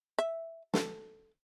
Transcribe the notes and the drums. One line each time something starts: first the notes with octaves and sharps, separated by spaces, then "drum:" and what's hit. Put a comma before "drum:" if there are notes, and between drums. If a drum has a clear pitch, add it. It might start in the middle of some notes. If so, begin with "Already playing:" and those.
E5
A4, drum: snare